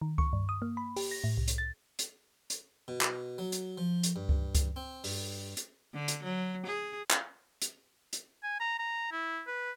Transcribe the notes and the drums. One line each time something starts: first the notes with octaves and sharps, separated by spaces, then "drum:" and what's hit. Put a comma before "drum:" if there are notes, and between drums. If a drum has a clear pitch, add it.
D#3
C#6, drum: kick C#2
G2
D#6
A#3
B5
G4, drum: open hi-hat
A#6
A2
C2
drum: hi-hat
A6
drum: hi-hat
drum: hi-hat
B2
drum: clap
F#3
drum: hi-hat
F3
drum: hi-hat
G2
drum: kick C#2
drum: kick C#2, hi-hat
C4
G2, drum: open hi-hat
drum: hi-hat
D3
drum: hi-hat
F#3
G#4
drum: clap
drum: hi-hat
drum: hi-hat
G#5
A#5
A#5
E4
B4